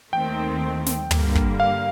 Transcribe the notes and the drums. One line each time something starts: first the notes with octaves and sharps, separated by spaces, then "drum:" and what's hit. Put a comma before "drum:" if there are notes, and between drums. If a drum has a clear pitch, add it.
D#2 D#3 A3 C4 G5
drum: snare
G2 D3 G3 A#3, drum: tom
drum: kick
F5